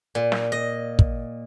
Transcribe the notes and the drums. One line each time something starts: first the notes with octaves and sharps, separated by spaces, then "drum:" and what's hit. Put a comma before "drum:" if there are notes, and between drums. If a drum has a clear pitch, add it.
A#2
drum: snare
D#5
drum: kick